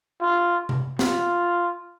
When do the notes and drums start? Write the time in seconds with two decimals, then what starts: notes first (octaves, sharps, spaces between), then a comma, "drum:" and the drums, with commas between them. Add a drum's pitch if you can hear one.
0.21 F4
0.69 drum: tom C3
0.99 F4, drum: snare